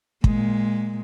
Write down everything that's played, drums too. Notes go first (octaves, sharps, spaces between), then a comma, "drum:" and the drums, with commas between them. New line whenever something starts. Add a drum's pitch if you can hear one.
A#2 G#3, drum: kick